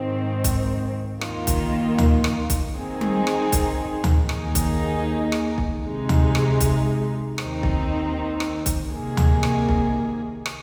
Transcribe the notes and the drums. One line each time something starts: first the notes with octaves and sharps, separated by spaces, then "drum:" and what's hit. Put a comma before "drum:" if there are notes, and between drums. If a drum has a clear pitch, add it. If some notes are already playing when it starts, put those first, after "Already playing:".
Already playing: G#2 D#3 C4
drum: kick B1, hi-hat
D#2 D#3 A#3 F4, drum: rim click
drum: kick B1, hi-hat
drum: tom D2
drum: rim click
drum: kick B1, hi-hat
D#3 C4 D#4 G#4
drum: tom G3
drum: rim click
drum: kick B1, hi-hat
drum: tom D2
D#2 D#3 A#3 D#4 G#4, drum: rim click
drum: kick B1, hi-hat
drum: rim click
drum: kick B1
C3 G#3 D#4
drum: tom D2
drum: rim click
drum: kick B1, hi-hat
D#2 D#3 C4 D#4, drum: rim click
drum: kick B1
drum: rim click
drum: kick B1, hi-hat
C3 D#3 A#3 G#4
drum: tom D2
drum: rim click
drum: kick B1
drum: rim click